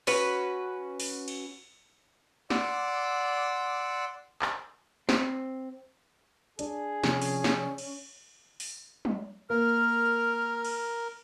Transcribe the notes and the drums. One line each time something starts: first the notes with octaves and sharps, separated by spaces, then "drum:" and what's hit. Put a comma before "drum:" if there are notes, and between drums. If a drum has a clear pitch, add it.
C#4 F#4 B4, drum: open hi-hat
drum: open hi-hat
drum: cymbal
D5 F#5 C6 D6 E6, drum: snare
drum: clap
C4, drum: snare
D4 G#4, drum: hi-hat
C3 F3 C#4, drum: snare
drum: open hi-hat
drum: snare
drum: cymbal
drum: open hi-hat
drum: tom F#3
A#3 A#4 F6
drum: cymbal